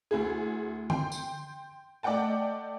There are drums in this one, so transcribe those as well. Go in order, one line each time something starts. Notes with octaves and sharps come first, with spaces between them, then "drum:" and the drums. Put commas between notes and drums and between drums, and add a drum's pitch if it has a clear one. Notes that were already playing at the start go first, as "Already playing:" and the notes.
D2 E4 G#4
G5 C6, drum: tom D3
drum: tambourine
A3 D5 D#5 F#5 G5 A5